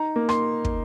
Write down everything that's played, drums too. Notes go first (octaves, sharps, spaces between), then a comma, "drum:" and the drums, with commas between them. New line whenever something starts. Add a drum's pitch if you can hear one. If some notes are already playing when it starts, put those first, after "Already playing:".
Already playing: D#4 A#5
A#3
C6, drum: rim click
drum: kick